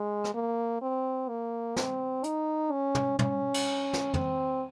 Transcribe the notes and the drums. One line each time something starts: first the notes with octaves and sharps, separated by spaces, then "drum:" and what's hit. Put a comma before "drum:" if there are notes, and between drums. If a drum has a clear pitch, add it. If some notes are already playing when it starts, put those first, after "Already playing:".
Already playing: G#3
drum: rim click
A#3
C4
A#3
C4, drum: snare
D#4, drum: hi-hat
C#4
drum: tom
C#4, drum: tom
drum: cymbal
drum: snare
C4, drum: tom